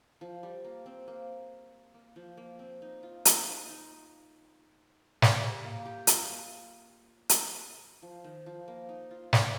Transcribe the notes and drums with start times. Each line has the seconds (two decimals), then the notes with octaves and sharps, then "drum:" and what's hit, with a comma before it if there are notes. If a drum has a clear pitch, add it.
0.21 F3
0.43 G3
0.64 A#3
0.86 C4
1.08 A#3
1.94 A#3
2.16 F3
2.37 A#3
2.59 C4
2.82 D#4
3.03 F4
3.25 F4, drum: hi-hat
3.47 D#4
3.69 D#4
5.22 drum: snare
5.41 G3
5.64 A#3
5.85 G4
6.07 F4, drum: hi-hat
7.29 drum: hi-hat
8.02 F3
8.24 D#3
8.46 F3
8.68 A#3
8.89 D#4
9.11 F4
9.33 F4, drum: snare